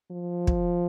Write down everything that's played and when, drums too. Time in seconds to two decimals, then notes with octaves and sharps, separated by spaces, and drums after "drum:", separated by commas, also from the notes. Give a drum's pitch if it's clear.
0.11 F3
0.47 drum: kick